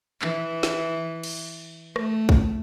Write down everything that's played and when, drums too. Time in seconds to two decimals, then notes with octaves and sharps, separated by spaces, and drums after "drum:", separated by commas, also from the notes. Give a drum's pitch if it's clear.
0.22 E3, drum: clap
0.63 drum: snare
1.23 drum: cymbal
1.96 A3, drum: rim click
2.29 drum: kick